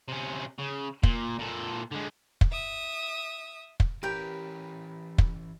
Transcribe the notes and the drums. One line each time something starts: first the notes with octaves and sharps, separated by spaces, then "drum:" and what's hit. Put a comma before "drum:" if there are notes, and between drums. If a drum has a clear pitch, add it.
C3 C#4
C#3
A#2, drum: kick
A#2 A4
D3 G#3
drum: kick
E5 D#6
drum: kick
E3 C#4 G4 A#4 B4 G5
drum: kick